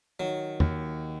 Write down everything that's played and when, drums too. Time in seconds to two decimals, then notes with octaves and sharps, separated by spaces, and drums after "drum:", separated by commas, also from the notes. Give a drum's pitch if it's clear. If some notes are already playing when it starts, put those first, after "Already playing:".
0.20 D#3 F#3
0.60 D#2, drum: tom